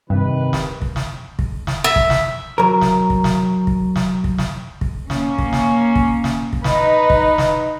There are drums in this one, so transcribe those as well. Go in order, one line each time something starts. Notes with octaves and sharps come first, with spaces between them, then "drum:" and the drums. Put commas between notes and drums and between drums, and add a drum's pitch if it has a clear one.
G2 C3 D#3 B4
drum: snare
drum: kick
drum: snare
drum: kick
drum: snare
E5
drum: kick
drum: snare
F#3 A#4
drum: snare
drum: kick
drum: snare
drum: kick
drum: snare
drum: kick
drum: snare
drum: kick
A#3 C#4, drum: snare
drum: kick
drum: snare
drum: kick
drum: snare
drum: kick
D#4 B4, drum: snare
drum: kick
drum: snare